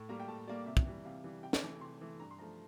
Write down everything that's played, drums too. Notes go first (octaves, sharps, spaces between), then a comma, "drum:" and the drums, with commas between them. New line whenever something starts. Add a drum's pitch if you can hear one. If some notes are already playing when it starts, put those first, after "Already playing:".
Already playing: A2
G3 A#3 A#5
G5
A2 A5
G3 A#3 D5
C3 E5
drum: kick
E3 G3
C3 F5
E3 G3
C3 G5
drum: snare
E3 A3
C3 C6
E3 A3
G2 A#5
C6
F3 A3 A#5